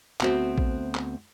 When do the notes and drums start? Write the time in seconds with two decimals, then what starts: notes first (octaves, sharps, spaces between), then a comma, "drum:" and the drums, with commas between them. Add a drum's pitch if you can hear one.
0.21 D2 B3 C4 F#4 C5 E5, drum: clap
0.58 drum: kick A#1
0.95 drum: clap